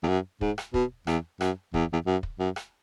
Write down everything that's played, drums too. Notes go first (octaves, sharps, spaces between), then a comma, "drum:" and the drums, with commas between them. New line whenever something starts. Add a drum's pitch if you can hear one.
E2
F#2
G#2, drum: kick
drum: rim click
B2, drum: kick
E2, drum: rim click
F#2, drum: rim click
E2, drum: kick
E2
F#2
drum: kick
F#2
drum: rim click